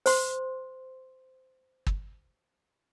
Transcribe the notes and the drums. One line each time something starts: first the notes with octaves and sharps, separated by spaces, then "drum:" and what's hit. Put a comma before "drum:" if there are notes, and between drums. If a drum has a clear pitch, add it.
C5 C6, drum: open hi-hat
drum: kick